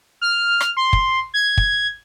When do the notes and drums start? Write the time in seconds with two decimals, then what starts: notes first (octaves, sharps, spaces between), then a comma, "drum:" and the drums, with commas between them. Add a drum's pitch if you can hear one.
0.21 F6
0.60 drum: rim click
0.77 C6
0.93 drum: kick
1.34 G#6
1.57 drum: kick